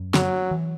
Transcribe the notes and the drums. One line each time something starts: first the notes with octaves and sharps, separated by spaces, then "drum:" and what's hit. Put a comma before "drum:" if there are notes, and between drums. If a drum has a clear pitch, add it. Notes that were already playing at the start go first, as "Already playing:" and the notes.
Already playing: F#2
F#3, drum: snare
E3